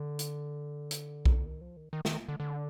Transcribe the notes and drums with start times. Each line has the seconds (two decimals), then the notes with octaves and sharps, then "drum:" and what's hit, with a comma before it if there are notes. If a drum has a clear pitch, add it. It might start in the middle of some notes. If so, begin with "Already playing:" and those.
Already playing: D3
0.19 drum: hi-hat
0.91 drum: hi-hat
1.25 drum: kick B1
1.46 D#3
1.61 F3
1.77 D#3
1.93 D#3
2.05 D#3, drum: snare
2.28 D3
2.40 D3